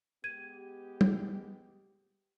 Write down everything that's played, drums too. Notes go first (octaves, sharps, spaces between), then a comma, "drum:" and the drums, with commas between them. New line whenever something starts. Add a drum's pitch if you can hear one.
G#3 B3 G4 G#6 D#7
drum: tom